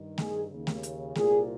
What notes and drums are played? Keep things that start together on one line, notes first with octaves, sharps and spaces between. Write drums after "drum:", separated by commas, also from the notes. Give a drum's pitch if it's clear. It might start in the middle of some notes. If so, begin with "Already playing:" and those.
Already playing: G2 D#3
G#4, drum: snare A3
D#2 C#3
drum: snare A3
drum: hi-hat
C2 A#2 G#4, drum: snare A3